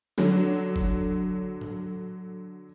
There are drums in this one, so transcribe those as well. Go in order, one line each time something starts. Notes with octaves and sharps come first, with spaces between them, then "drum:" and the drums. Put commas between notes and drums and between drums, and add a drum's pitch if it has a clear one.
D3 F#3, drum: snare
drum: kick
drum: tom A2